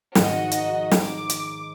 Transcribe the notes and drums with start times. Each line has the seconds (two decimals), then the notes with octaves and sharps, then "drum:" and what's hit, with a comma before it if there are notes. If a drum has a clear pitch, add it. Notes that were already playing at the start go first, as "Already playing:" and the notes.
0.15 G#2 D#3 F3 F#4 D#5, drum: snare
0.51 D#4, drum: hi-hat
0.91 drum: snare
1.01 D6
1.30 drum: hi-hat